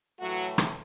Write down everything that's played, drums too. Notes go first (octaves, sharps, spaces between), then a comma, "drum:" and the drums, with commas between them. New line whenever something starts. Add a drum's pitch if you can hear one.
A2 E3 F#3 A3 F#4
drum: rim click